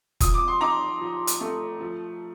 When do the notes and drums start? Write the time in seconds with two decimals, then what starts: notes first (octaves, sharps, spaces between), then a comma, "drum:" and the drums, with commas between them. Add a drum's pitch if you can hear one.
0.20 F3 D#6, drum: kick F1, hi-hat
0.34 D6
0.48 C6
0.61 D#4 A#5 D6
1.01 F3
1.27 drum: hi-hat
1.41 A3
1.80 F3